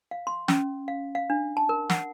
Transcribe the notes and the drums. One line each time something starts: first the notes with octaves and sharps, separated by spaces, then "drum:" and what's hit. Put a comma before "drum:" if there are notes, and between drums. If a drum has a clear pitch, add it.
F5
C6
C#4, drum: snare
F5
F5
D4
A5
A#4
F#5, drum: snare